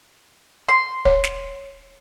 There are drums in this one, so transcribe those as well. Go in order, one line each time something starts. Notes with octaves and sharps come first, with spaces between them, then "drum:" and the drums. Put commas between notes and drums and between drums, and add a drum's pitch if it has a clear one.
C6
C#5, drum: kick
drum: snare